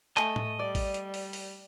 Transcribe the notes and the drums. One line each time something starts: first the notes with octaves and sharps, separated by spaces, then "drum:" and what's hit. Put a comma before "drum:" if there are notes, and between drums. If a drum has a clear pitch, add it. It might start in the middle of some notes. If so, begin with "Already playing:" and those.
A3 D#5 G#5 A5, drum: clap
drum: tom A2
G3 D5
drum: kick, open hi-hat
drum: hi-hat
drum: open hi-hat
drum: open hi-hat